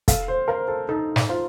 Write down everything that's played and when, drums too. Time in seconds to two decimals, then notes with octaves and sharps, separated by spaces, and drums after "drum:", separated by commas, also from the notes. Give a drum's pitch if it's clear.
0.08 A4 F5, drum: kick, hi-hat
0.28 C5
0.48 A#4 C5 F5
0.68 A4
0.89 D#4 A4
1.16 drum: snare
1.29 F4 C5 F5